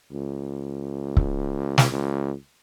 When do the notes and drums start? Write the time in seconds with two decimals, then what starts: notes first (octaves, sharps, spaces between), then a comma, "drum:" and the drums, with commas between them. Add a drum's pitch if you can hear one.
0.12 C#2
1.17 drum: kick C#1
1.78 drum: snare
1.90 C#2